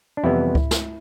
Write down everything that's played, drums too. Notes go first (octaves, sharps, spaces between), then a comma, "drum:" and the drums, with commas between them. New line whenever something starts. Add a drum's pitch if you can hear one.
D4
F2 C3 E3 G3 B3 E4
drum: kick C#2
drum: snare